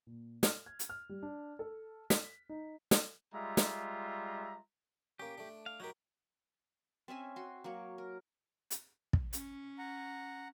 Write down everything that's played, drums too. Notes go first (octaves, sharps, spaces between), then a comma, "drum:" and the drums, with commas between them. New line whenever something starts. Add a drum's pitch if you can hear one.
A#2
F6, drum: snare
G#6
drum: hi-hat
F6
G3
D4
A4
B6, drum: snare
D#4
drum: snare
G3 G#3 F4 E5 A#5
drum: snare
A#3 C#4 G4
A3 D4
F5
F#3 D#4 F#4 G4 A#4
C4 C#4 E5 G#5
F#4 C6
F#3 A#3 C#5
A#4
drum: hi-hat
drum: kick
C#4, drum: hi-hat
F#5 A#5